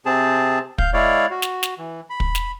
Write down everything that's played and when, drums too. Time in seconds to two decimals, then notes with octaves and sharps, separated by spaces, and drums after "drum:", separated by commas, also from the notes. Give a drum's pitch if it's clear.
0.06 C3 C4 G#4 A5
0.78 F5 G6, drum: kick
0.93 G#3 E4 C#5 D5 F5
1.31 F#4
1.42 drum: snare
1.63 drum: snare
1.78 E3
2.10 B5
2.20 drum: kick
2.35 drum: snare